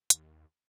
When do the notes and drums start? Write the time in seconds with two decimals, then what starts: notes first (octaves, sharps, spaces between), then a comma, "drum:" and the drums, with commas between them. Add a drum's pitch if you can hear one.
0.10 D#2, drum: hi-hat